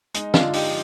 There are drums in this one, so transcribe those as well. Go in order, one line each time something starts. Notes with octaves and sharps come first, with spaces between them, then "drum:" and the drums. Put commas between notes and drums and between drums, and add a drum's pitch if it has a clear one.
G#3 D#4, drum: hi-hat
D4 F4, drum: snare
D3
D#4 G4, drum: open hi-hat
F3